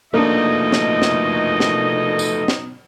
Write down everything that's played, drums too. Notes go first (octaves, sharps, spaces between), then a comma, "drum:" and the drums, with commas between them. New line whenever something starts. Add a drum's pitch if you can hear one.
B2 F3 A3 A#3 D4 D#4 D#5
drum: snare
drum: snare
drum: snare
drum: tambourine
drum: snare